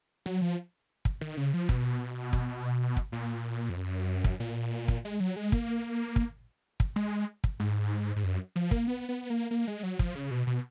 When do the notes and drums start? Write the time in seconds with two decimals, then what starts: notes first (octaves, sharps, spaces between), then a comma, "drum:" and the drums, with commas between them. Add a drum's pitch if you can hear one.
0.26 F#3
0.41 F3
1.05 drum: kick
1.21 D#3
1.37 C#3
1.54 F3
1.69 B2, drum: kick
2.33 drum: kick
2.97 drum: kick
3.12 A#2
3.69 F2
3.77 F#2
4.24 drum: kick
4.40 A#2
4.88 drum: kick
5.05 G#3
5.20 F#3
5.36 G#3
5.52 A#3, drum: kick
6.16 drum: kick
6.80 drum: kick
6.96 G#3
7.44 drum: kick
7.60 G#2
8.16 G#2
8.24 F#2
8.56 F3
8.71 A#3, drum: kick
8.87 B3
9.09 B3
9.30 A#3
9.51 A#3
9.67 G#3
9.83 F#3
9.99 F3, drum: kick
10.15 C#3
10.31 B2
10.47 B2